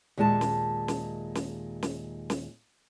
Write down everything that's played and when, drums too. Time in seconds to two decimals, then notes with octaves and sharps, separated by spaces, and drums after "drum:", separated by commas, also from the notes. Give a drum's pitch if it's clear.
0.18 D#2 A#2 G#3 E5 A5
0.41 drum: snare
0.88 drum: snare
1.35 drum: snare
1.83 drum: snare
2.30 drum: snare